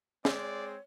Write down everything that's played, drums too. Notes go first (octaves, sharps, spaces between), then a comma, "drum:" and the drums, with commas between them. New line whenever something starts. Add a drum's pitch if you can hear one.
G#3 C4 C#5 D5, drum: snare